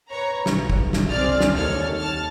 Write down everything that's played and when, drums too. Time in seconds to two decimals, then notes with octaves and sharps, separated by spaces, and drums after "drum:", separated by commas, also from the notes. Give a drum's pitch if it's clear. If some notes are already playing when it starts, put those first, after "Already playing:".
0.11 B4 C#5 A#5
0.46 B1, drum: snare
0.70 drum: kick
0.93 drum: snare
1.11 C2 C4 G#4 D5 F6 A6
1.40 drum: snare
1.55 D#2 A4 C#5 F6 A6
1.98 A5 F6